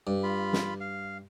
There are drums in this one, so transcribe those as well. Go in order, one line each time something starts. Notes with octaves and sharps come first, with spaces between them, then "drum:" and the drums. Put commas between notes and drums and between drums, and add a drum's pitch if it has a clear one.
G2
F4 B5
drum: snare
F5